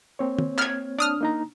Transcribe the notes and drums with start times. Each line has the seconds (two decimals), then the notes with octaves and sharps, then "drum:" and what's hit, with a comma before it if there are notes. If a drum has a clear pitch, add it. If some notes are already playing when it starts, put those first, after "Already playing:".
0.19 A#3 C4 C#5
0.39 drum: tom
0.59 F6 G#6, drum: clap
0.99 D4 D#6 F6
1.21 A#3 D#4 A#5